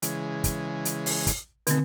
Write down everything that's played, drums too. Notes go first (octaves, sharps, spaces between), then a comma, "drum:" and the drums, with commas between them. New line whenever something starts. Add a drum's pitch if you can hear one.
C#3 E3 G#3, drum: hi-hat
drum: kick, hi-hat
drum: hi-hat
drum: open hi-hat
drum: kick, hi-hat
B2 D3 D#3 A3 C4, drum: hi-hat